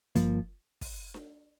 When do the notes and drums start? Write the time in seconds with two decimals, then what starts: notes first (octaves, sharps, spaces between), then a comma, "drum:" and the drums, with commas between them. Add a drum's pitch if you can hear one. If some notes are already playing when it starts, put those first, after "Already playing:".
0.15 G2 F3 A#3, drum: kick, hi-hat
0.81 drum: kick, open hi-hat
1.14 drum: snare D4